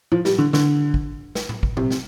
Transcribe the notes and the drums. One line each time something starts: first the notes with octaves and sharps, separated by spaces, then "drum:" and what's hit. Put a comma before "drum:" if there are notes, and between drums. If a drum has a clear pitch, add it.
F3, drum: tom A2
G3, drum: snare
D3
D3, drum: snare
drum: kick
drum: snare
drum: tom A2
drum: kick
C3, drum: tom A#2
drum: snare